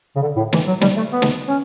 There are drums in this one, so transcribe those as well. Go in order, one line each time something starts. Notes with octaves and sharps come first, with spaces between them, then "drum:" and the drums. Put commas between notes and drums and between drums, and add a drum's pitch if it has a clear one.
C#3
D3
A2
E3, drum: snare
F#3
G3, drum: snare
A3
B3
drum: snare
C#4